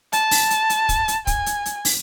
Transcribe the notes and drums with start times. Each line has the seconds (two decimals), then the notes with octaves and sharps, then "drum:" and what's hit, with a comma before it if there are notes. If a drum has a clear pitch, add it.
0.13 A5, drum: hi-hat
0.31 drum: open hi-hat
0.50 drum: hi-hat
0.70 drum: hi-hat
0.89 drum: kick, hi-hat
1.08 drum: hi-hat
1.27 G#5, drum: kick, hi-hat
1.46 drum: hi-hat
1.66 drum: hi-hat
1.85 drum: open hi-hat